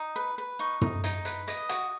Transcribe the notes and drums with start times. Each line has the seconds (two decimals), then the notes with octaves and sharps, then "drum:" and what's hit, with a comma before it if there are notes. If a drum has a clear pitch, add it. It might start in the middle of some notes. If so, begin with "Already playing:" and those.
Already playing: D#4
0.16 B4
0.38 B4
0.59 D#4 C#6
0.81 D#4, drum: tom
1.04 D#4, drum: hi-hat
1.25 B4, drum: hi-hat
1.48 D#5, drum: hi-hat
1.69 F#4, drum: hi-hat